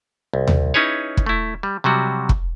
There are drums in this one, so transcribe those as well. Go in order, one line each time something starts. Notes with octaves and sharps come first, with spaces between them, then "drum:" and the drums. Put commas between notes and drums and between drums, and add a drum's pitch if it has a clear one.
C2
drum: tom D#2
C#4 D#4 E4 G#4 B4 C#5
drum: kick
A3 E4
G3
C3 F#3 G3 F#4
drum: kick